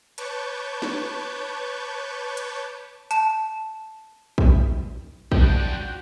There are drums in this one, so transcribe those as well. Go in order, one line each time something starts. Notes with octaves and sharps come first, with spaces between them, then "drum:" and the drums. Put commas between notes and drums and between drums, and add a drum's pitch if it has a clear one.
B4 C#5 A5 C#6 D6 G6, drum: hi-hat
drum: snare
drum: hi-hat
A5, drum: hi-hat
drum: kick A#1
D1 F3 G3 D4 F#4 G4 G5, drum: kick A#1